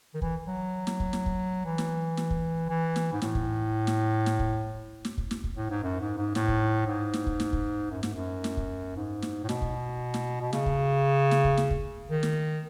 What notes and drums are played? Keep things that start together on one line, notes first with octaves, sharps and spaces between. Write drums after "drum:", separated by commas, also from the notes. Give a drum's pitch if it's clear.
D#3
E3, drum: kick
F#3
drum: snare
drum: kick
drum: snare
drum: kick
E3
drum: snare
drum: snare
drum: kick
E3
drum: snare
G#2
A2, drum: snare
drum: kick
drum: snare
drum: snare
drum: kick
drum: snare
drum: kick
drum: snare
drum: kick
A2
G#2
F#2
G#2
G#2
A2, drum: snare
drum: kick
G#2
drum: snare
drum: kick
drum: snare
drum: kick
F#2
G#2, drum: snare
F#2
drum: snare
drum: kick
G#2
drum: snare
A2
B2, drum: snare
drum: kick
drum: snare
B2
C#3, drum: snare
drum: kick
drum: snare
drum: kick
drum: snare
drum: kick
D#3
drum: snare